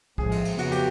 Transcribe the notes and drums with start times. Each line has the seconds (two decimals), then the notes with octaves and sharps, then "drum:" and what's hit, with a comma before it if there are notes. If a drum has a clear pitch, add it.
0.18 A2 F3 G#3 C4 G#4, drum: kick
0.31 drum: cymbal
0.45 drum: cymbal
0.58 F2 C#3 F#3 B3 F#4, drum: cymbal
0.72 G4, drum: cymbal